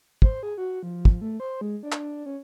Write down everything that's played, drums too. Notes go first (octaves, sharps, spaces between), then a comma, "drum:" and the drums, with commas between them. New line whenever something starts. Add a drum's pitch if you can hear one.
C5, drum: kick
G#4
F#4
F3
drum: kick
A3
C5
G#3
D4
drum: clap
C#4